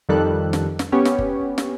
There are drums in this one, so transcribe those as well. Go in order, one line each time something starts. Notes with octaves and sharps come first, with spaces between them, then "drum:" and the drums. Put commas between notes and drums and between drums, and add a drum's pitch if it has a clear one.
F2 D#3 G3 A4 F#6
drum: snare
drum: snare
B3 C#4 G4 C#5
drum: snare
drum: kick
drum: snare